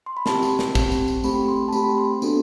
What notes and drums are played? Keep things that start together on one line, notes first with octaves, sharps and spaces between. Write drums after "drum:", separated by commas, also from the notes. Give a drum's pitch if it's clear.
C6
B5
C4 G4 A5, drum: snare
drum: tambourine
drum: snare
C4 G4, drum: kick, tambourine
drum: tambourine
drum: tambourine
A3 C4 G4 B5, drum: tambourine
C6
A5
A3 C4 G4 B5, drum: tambourine
C6
B3 D4 F#4 A4, drum: tambourine